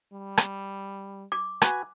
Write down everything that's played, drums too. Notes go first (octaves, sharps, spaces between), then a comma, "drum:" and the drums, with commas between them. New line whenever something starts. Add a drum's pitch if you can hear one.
G3
drum: rim click
D6
F#4 B4 G#5, drum: rim click